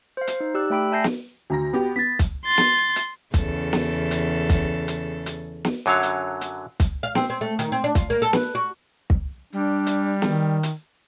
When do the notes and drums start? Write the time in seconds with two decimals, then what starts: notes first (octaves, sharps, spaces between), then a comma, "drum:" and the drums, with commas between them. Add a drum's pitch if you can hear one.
0.17 C5 F5
0.27 drum: hi-hat
0.40 D#4
0.54 G4 D5 E6 F#6
0.70 A3 D5 G5 B5 E6 D7
0.92 E5 G#5 A5 G6 A#6 C7
1.04 drum: snare
1.50 D2 F#4 A#5 A#6
1.73 B3 G4
1.96 B3 A6 B6
2.19 drum: kick, hi-hat
2.45 C6 A6
2.58 drum: snare
2.96 drum: hi-hat
3.34 E2 C#3 A4, drum: kick, hi-hat
3.73 drum: snare
4.11 drum: hi-hat
4.49 drum: kick, hi-hat
4.88 drum: hi-hat
5.26 drum: hi-hat
5.65 drum: snare
5.86 F#2 D3 F#3 C#5 F5
6.03 drum: hi-hat
6.41 drum: hi-hat
6.80 drum: kick, hi-hat
7.03 F5
7.15 C4, drum: snare
7.30 C4
7.41 A3
7.59 D#3, drum: hi-hat
7.72 C4
7.84 D4
7.95 F4, drum: kick, hi-hat
8.10 A#3
8.22 A4
8.33 B4, drum: snare
8.55 F#4
9.10 drum: kick
9.53 G3 D4
9.87 drum: hi-hat
10.22 D#3, drum: snare
10.63 drum: hi-hat